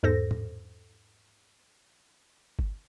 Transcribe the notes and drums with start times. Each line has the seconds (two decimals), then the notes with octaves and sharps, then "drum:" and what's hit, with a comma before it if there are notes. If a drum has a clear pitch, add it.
0.03 E2 G#2 A4 C5 A#6
0.31 drum: tom
2.59 drum: kick G1